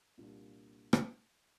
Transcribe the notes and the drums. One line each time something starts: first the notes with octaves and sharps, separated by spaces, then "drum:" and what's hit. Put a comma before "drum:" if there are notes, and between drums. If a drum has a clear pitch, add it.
C2 A#2 G3 D4 F4
drum: rim click